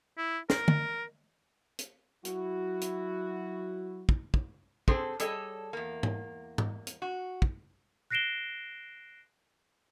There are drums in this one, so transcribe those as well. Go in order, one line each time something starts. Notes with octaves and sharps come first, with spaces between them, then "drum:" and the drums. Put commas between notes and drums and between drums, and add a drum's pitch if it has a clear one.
E4
A#4, drum: snare
drum: tom
drum: hi-hat
F#3 E4 F#4, drum: hi-hat
drum: hi-hat
drum: kick
drum: kick
C4 G#4 A4 C5, drum: kick
G3 G#4 A4 C#5 D#5, drum: hi-hat
E2 A#3
drum: tom G#2
drum: tom G#2
drum: hi-hat
F#4
drum: kick
F#6 A#6 C7 D7 E7 G7